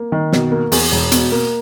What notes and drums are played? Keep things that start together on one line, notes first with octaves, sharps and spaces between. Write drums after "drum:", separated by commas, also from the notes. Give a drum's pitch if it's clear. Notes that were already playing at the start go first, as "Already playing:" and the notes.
Already playing: A#3
D#3
B2, drum: snare
A#3
E2, drum: open hi-hat
E1
B2, drum: hi-hat
A#3